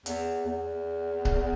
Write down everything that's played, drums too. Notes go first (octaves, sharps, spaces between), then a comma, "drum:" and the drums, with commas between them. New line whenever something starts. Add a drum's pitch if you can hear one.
E2, drum: hi-hat
E2
drum: kick C#1